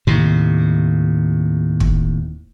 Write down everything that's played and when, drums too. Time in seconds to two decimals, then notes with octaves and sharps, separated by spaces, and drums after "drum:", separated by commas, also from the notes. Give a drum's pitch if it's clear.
0.07 D#2 A2 C3
1.80 drum: kick